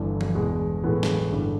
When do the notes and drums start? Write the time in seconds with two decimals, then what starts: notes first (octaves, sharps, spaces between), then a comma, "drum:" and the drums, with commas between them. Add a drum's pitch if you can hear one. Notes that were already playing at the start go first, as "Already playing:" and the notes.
Already playing: G1 G2 E3 G3
0.21 drum: tom E3
0.35 E2 B2 G#3 B3
0.83 A2 E3 G#3 B3
1.03 drum: snare
1.31 G1 G2 D3 G3